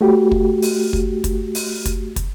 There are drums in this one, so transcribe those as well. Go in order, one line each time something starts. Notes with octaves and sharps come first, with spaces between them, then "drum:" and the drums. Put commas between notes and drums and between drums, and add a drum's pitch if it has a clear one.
A3 F#4 G4
drum: kick
drum: open hi-hat
drum: kick
drum: kick, hi-hat
drum: open hi-hat
drum: kick, hi-hat
drum: kick, hi-hat